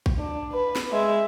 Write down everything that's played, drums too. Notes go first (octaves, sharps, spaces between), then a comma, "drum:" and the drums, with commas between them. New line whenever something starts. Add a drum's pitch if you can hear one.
drum: kick A#1
D4
B4
drum: snare
G#3 E5